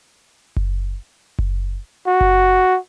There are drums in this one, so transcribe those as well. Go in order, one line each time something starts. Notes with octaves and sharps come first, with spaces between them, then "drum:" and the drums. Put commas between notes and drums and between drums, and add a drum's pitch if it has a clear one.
drum: kick F#1
drum: kick F#1
F#4
drum: kick F#1